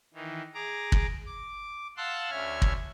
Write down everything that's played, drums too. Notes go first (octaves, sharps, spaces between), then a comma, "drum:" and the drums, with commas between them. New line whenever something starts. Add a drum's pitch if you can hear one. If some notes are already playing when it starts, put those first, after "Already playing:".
D#3 E3
G#4 A#5 D6
drum: kick
D6
F5 F#5 A5 C6 E6 F#6
D2 C#4 E5 F6 G#6
drum: kick